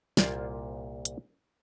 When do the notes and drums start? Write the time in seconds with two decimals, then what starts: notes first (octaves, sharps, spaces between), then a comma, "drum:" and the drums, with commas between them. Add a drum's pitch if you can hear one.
0.17 C2 A#2 A#3 F4 C5 D5, drum: snare
1.05 drum: hi-hat